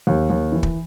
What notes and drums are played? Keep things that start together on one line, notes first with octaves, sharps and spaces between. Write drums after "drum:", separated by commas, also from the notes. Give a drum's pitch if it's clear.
D#2
D#2
E3
drum: kick